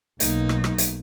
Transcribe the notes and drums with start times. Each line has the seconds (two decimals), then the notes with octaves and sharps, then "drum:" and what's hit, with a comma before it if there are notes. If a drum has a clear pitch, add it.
0.20 B1 A#3 D#4, drum: hi-hat
0.49 drum: rim click
0.64 drum: rim click
0.78 drum: hi-hat